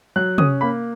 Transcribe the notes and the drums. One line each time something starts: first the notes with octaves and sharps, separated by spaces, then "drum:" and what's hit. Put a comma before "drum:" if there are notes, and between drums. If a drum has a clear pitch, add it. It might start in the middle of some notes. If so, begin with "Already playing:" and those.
F#3 F#6
C#4 D#6, drum: tom
A#3 B5